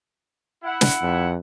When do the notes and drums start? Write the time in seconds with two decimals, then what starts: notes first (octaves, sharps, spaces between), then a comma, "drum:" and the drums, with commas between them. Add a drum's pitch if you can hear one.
0.63 E4 F#5
0.81 drum: snare
1.03 F2